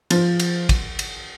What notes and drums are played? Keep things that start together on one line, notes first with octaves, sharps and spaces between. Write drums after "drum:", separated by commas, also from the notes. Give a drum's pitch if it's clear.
F3, drum: cymbal
drum: cymbal
drum: kick, cymbal
drum: cymbal